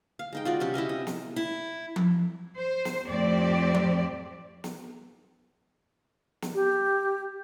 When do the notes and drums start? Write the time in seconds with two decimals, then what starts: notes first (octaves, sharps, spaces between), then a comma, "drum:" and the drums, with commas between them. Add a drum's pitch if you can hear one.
0.19 F5
0.33 G#3 D#4 G5
0.45 F4 F#4 D5 F5
0.60 C3 F#3 C#4 G4
0.74 E4 G4 D#5 F5
0.89 D#5
1.07 drum: snare
1.36 E4
1.96 drum: tom F3
2.56 C5
2.85 drum: snare
3.06 F2 A2 C4 G4 D5
3.74 drum: tom F3
4.64 drum: snare
6.42 drum: snare
6.55 G4